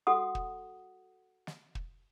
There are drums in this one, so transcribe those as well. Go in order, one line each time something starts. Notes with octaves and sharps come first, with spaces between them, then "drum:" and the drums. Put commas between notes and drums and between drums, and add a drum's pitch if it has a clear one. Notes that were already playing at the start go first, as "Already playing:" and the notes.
F#4 A4 F#5 D#6
drum: kick
drum: snare
drum: kick